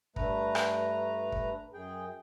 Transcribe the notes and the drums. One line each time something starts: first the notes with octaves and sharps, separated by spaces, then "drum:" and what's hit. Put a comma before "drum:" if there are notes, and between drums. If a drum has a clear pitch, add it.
G2 A3 B4 A#5, drum: kick
drum: rim click
drum: kick
F#2 G#4 G5